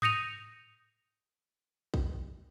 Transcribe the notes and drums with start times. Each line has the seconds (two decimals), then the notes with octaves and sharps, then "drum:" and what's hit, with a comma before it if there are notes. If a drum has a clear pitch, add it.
0.02 D#6 G6 A#6 C#7 D#7 F7, drum: tom G#2
1.94 drum: kick